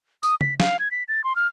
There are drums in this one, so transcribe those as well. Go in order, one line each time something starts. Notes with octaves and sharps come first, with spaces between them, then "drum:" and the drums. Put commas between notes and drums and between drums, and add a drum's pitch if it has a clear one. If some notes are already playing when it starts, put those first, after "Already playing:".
D#6, drum: tambourine
B6, drum: tom
F5, drum: snare
G#6
B6
A6
C6
F6